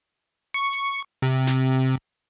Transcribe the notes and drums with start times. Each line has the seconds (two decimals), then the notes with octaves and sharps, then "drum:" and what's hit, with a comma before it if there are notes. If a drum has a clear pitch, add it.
0.54 C#6
0.73 drum: hi-hat
1.22 C3, drum: hi-hat
1.47 drum: snare
1.72 drum: hi-hat